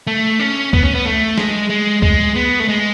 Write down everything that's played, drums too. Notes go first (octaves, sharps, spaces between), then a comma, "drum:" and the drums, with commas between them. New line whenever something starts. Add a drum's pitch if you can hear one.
A3
C#4
B3, drum: kick C#2
C#4
B3
A3
G#3, drum: snare
G#3
G#3, drum: kick C#2
B3
A3
G#3